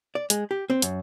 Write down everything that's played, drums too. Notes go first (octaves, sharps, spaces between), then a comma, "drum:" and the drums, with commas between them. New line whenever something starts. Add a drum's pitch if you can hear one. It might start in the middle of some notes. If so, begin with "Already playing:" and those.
D5
G#3, drum: hi-hat
G4
C4
F#2, drum: hi-hat